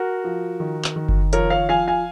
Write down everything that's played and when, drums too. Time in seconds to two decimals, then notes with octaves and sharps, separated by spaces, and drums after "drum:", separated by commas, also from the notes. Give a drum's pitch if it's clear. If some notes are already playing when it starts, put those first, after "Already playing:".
Already playing: F#4 A#4
0.24 F3
0.60 D#3
0.84 drum: clap
0.96 D#3
1.09 drum: kick F#1
1.33 F3 A#4 C#5, drum: hi-hat
1.50 C#5 F5
1.69 F3 F5 G#5
1.88 F5 G#5